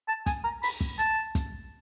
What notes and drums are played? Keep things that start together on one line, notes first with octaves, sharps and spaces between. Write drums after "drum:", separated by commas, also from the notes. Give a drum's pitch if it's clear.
A5
G#5, drum: kick, hi-hat
A#5
B5, drum: open hi-hat
drum: kick
A5, drum: hi-hat
drum: kick, hi-hat